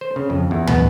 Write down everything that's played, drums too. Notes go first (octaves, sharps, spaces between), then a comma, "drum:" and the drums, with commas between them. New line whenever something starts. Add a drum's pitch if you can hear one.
C5
C#3
F2
E2
B3, drum: tom